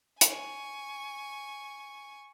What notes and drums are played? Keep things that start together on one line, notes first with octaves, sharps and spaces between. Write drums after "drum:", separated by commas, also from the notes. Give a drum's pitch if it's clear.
G#5 C#6, drum: hi-hat